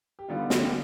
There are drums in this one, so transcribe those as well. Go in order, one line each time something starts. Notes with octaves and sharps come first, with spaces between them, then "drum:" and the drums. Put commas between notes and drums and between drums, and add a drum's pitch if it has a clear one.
G4
D3 G3 B3 D#4 F4
drum: snare
G4